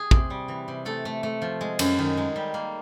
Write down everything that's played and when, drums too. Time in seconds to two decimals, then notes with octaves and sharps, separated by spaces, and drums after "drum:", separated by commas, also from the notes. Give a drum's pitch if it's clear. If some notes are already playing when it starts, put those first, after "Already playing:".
Already playing: G#4
0.11 C3, drum: kick
0.30 G3
0.48 E3
0.68 C3
0.85 A3 A4
1.05 A3
1.23 A3
1.42 F3
1.61 G#3
1.79 F#2, drum: cymbal
1.99 D#3
2.17 G#3
2.36 G3
2.54 A#3